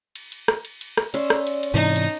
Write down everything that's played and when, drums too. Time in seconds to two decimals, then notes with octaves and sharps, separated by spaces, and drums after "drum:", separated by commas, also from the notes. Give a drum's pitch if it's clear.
0.15 drum: cymbal
0.32 drum: cymbal
0.48 drum: rim click
0.65 drum: cymbal
0.81 drum: cymbal
0.97 drum: rim click
1.14 C#4 D5 E5 C6, drum: cymbal
1.30 drum: rim click
1.47 drum: cymbal
1.63 drum: cymbal
1.74 G#2 C3 E3 D#4 A5
1.96 drum: cymbal